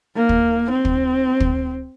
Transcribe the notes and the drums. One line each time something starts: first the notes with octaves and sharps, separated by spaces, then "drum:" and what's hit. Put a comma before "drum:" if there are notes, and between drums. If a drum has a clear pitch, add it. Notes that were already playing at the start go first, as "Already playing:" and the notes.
A#3
drum: kick
C4
drum: kick
drum: kick